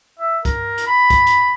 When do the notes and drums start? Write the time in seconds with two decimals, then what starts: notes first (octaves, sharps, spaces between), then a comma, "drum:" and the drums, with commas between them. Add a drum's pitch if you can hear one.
0.20 E5
0.45 A#4, drum: kick, hi-hat
0.78 drum: hi-hat
0.87 B5
1.10 drum: kick, hi-hat
1.27 drum: hi-hat